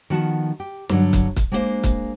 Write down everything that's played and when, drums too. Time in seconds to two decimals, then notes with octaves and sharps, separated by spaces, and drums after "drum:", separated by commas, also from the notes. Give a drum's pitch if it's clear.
0.10 D#3 F3 B3 F#4 A5
0.60 G4
0.89 G2 D3 F#3, drum: snare
1.13 drum: kick, hi-hat
1.36 drum: kick, hi-hat
1.52 G#3 A#3 D4 F#4 C5 F5
1.84 drum: kick, hi-hat